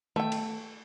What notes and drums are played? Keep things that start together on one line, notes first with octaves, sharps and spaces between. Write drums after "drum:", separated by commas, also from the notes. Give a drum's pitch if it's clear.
A3 G5, drum: tom
drum: cymbal